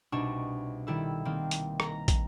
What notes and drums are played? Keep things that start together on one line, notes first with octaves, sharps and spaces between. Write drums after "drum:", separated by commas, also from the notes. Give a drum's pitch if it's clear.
C2 B2 D4 D#4 C#6 E7
D#3 G3 E4 A4
D#3 A#3 C4
drum: hi-hat
A#5, drum: rim click
drum: kick, hi-hat